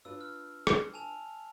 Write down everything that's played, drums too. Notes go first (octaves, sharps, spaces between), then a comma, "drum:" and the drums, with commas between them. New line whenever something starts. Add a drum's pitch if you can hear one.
D4 F4 B4 E6
F6
drum: rim click
G#5 A5 F7